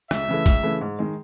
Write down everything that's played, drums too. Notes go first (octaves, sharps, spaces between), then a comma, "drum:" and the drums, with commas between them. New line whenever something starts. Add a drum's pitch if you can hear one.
C#2 E5, drum: rim click
C#3 E3 A3
C#2, drum: kick, hi-hat
C#3 E3 A3
G#2
D#3 G#3